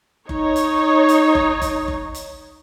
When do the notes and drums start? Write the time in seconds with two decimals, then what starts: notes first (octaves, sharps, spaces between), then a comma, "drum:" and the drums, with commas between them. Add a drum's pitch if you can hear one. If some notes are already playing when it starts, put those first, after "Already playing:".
0.29 D#4 C#5, drum: kick F#1
0.56 drum: hi-hat
1.09 drum: hi-hat
1.35 drum: kick F#1
1.62 drum: kick F#1, hi-hat
1.88 drum: kick F#1
2.14 drum: hi-hat